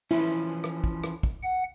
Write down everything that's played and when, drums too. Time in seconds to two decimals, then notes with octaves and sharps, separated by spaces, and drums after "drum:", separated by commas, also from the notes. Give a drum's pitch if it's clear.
0.11 E3 F3 C#4 E4
0.64 drum: rim click
0.84 drum: kick
1.04 drum: rim click
1.23 drum: kick
1.43 F#5